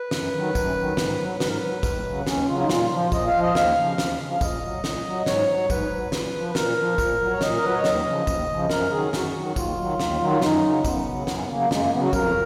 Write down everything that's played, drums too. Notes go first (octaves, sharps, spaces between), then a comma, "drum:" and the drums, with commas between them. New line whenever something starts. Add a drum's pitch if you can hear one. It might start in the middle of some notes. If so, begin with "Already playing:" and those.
Already playing: B4
F#2, drum: snare
D#3 F#3
F#2, drum: kick, tambourine
D#3 F#3
G#2, drum: snare
F#3
G#2 B4, drum: snare
A#4
B4
F#3
D#2, drum: kick, tambourine
C#3 F#3
D#2 C#4, drum: snare
C#3 F#3 F4
D#4
A#2 F4, drum: snare
F3 F4
A#2 D#5, drum: kick, tambourine
F5
F3
D#5
D#2 F5, drum: snare
C#3 F3
D#2, drum: snare
C#3 F3
F5
A#2 D#5, drum: kick, tambourine
F#3
A#2, drum: snare
F#3
G#2 C#5, drum: snare
F#3
G#2 B4, drum: kick, tambourine
F#3
A#2, drum: snare
F3
B4
A#2 A#4, drum: snare
F3
A#2, drum: kick, tambourine
F#3
C#5
A#2 D#5, drum: snare
A#4
F#3 B4
C#5
D#2 D#5, drum: snare
C#3 F3
D#2, drum: kick, tambourine
C#3 F3
F#2 A#4, drum: snare
D#3 F#3 G#4
F#2 F#4, drum: snare
D#3 F#3
D#2 F4, drum: kick, tambourine
D#3 F#3
D#2, drum: snare
D#3 F#3
F4
F#2 D#4, drum: snare
C#3 F#3
C#4
F#2 B3, drum: kick, tambourine
C#3 F#3
F#2 B3, drum: snare
C#4
B3
C#3 F#3 A#3
F#2 G#3, drum: snare
A#3
C#3 F#3 B3
F#4
F2 A#4, drum: kick, tambourine